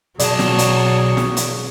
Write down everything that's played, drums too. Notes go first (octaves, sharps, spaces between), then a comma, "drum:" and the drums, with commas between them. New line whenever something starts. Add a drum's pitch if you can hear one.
B1 F#3 G#4 D5 A5, drum: hi-hat
drum: snare
drum: hi-hat
drum: snare
drum: hi-hat